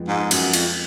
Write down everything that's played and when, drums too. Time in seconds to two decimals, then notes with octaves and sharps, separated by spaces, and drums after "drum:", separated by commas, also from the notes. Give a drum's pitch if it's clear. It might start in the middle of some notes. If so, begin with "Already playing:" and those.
Already playing: F2 F3 G#3 B3
0.08 G#2
0.31 F#2, drum: cymbal
0.53 F2, drum: cymbal